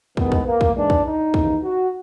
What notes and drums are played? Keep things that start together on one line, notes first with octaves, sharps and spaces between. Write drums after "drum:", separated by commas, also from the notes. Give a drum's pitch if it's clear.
G2 D#3 G#3 B3, drum: kick
drum: kick
A#3
drum: kick
G#2 E3 G#3 D4
drum: kick
D#4
D#2 C#3 E3, drum: kick
F#4